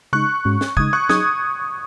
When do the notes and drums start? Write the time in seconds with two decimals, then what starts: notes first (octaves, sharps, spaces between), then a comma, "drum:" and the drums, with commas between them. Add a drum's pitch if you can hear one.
0.13 C#3 G#3 D#4 C#6 F#6
0.45 G#2 G#3 C#4 F#4
0.61 drum: snare
0.77 C#3 G#3 D#4 D#6 G#6, drum: kick
0.93 C#6 F#6
1.09 F#3 D#4 G#4 D#6 G#6, drum: snare